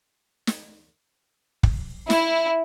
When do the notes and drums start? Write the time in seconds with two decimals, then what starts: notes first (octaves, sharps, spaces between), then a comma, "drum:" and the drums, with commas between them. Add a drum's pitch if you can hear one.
0.47 drum: snare
1.63 drum: kick
2.10 E4, drum: snare